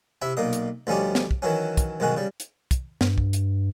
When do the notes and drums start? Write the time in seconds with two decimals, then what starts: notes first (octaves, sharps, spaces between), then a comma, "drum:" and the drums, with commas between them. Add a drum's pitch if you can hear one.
0.22 C3 E4 E5
0.37 B1 A#2 A#3 D#5
0.53 drum: hi-hat
0.87 D2 F3 G3 C#4 D#4 G4
1.15 drum: snare
1.31 drum: kick
1.42 D#3 E3 F#3 C#4
1.77 drum: kick, hi-hat
2.00 B1 G#2 D#3 F#4 G#5
2.17 C#3 G3
2.40 drum: hi-hat
2.71 drum: kick, hi-hat
3.01 G2, drum: snare
3.18 drum: kick
3.33 drum: hi-hat